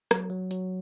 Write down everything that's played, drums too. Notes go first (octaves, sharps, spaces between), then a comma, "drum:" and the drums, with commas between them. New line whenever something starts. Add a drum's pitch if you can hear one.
F#3, drum: rim click
F#3
F#3, drum: hi-hat